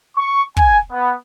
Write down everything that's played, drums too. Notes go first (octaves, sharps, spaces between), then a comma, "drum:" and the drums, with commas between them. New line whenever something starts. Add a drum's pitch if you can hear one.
C#6
G#5, drum: kick
B3